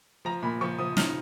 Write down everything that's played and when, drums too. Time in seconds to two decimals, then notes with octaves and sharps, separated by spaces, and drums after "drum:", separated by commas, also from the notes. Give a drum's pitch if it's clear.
0.25 F3 A#5
0.43 A#2 B5
0.61 F3 C#6
0.79 F3 D#6
0.97 D#4 F6, drum: snare